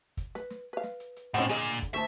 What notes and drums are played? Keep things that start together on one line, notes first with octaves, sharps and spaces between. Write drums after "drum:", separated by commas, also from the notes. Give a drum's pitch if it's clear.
drum: kick, hi-hat
B4, drum: snare
drum: snare
B4 F5
drum: snare
drum: hi-hat
drum: hi-hat
A2 C3 C#4 D#4 F#5, drum: open hi-hat
A#2 D3 G#4 D#5, drum: hi-hat
drum: hi-hat
drum: kick, hi-hat
D2 A3 E5 A5